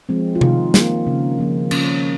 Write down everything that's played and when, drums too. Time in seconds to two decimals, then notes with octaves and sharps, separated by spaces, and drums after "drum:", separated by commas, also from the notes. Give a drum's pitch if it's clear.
0.09 F3 G#3 C4
0.35 F4
0.41 D#3 D#4, drum: tom C3
0.74 A#3, drum: snare
1.07 C#3
1.38 F3 A#3
1.71 C#3 C#4, drum: cymbal